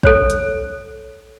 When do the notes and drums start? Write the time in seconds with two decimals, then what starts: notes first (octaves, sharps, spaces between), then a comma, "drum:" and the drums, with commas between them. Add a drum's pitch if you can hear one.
0.03 A4 C5 C#5, drum: kick
0.30 drum: hi-hat